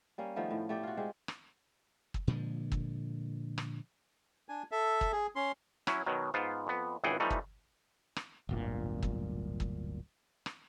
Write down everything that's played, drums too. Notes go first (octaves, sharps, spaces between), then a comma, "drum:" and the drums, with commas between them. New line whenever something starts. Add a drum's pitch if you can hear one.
G3 A#3 C#4
D#3 F3 A3 B3
A2
A3 G4 D5
F4 F#4
G#3 C4 G4
drum: rim click
drum: kick
A#2 D3 F3 G#3
drum: kick
drum: rim click
D4 G#5
A4 E5
drum: kick
G#4
C#4 C6
F#3 C#4 E4, drum: rim click
B2 D#3 F#3
G#2 B3 F4 C5
F2 B3
G#1 C#2 E3 G#4 F#5 G5
E3 F3 G3 A3 D#4
drum: kick
drum: rim click
D1 G1 A#2
drum: kick
drum: kick
drum: rim click